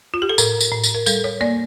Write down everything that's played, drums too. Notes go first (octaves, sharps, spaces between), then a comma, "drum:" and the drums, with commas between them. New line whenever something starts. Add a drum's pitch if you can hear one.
F4
G4
A4
A2 A#4, drum: tambourine
drum: tambourine
A2
drum: tambourine
A#4
G3 A4, drum: tambourine
C#5
A#3 D5